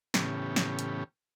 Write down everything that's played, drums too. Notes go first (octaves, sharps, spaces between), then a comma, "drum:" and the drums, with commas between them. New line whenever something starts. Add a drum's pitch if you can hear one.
A2 C#3 E3 B3 C#4 G4, drum: snare
drum: snare
drum: hi-hat